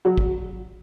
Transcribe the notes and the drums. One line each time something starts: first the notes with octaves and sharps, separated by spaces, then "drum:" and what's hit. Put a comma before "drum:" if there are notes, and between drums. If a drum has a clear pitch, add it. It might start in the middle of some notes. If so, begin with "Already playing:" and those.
F#3 F#4
drum: kick